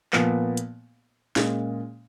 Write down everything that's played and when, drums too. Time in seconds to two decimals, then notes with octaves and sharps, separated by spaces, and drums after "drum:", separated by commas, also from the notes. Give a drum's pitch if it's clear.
0.13 A#2 F3 B3, drum: clap
0.57 drum: hi-hat
1.36 A#2 G#3 C#4, drum: snare